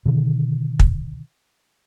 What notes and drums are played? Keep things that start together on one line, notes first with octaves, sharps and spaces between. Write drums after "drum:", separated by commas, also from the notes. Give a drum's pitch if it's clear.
B2 D3 D#3
drum: kick